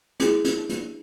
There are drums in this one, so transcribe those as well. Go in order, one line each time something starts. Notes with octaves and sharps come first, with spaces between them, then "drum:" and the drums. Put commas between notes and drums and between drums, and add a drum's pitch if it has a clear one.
G#3 E4 G#4, drum: hi-hat
drum: hi-hat
D4
drum: hi-hat